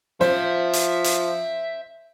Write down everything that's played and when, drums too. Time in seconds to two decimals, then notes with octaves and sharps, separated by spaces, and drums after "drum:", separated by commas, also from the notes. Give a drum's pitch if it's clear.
0.21 F3 C5 E5 C6, drum: snare
0.73 drum: hi-hat
1.04 drum: hi-hat